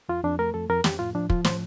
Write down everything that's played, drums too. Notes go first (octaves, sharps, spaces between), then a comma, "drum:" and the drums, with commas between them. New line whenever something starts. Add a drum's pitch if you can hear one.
F2 F4
F2 D4
A3 A#4
F2 A4
F2 A#4
F2 G4, drum: snare
A2 F4
F3 D4
F3 F4, drum: kick
A2 C5, drum: snare